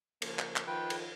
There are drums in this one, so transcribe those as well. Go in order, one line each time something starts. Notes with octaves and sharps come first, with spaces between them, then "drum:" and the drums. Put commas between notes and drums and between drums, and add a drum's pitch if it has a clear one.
C#3 F3 A#3, drum: cymbal
drum: clap
drum: clap
D#3 F3 F4 B4 G5
drum: cymbal